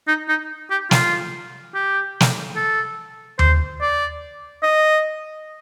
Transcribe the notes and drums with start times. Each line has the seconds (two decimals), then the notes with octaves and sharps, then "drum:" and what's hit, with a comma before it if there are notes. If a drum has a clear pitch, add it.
0.08 D#4
0.29 D#4
0.71 G4
0.91 F4, drum: snare
1.75 G4
2.20 drum: snare
2.56 A4
3.39 C5, drum: tom D#2
3.82 D5
4.63 D#5